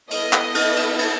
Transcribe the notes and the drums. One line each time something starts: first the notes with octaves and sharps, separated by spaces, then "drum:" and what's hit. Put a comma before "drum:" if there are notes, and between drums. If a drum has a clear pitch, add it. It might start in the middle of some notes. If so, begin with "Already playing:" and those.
B3 E4 A4 D#5, drum: cymbal
drum: clap
drum: cymbal
drum: cymbal
drum: cymbal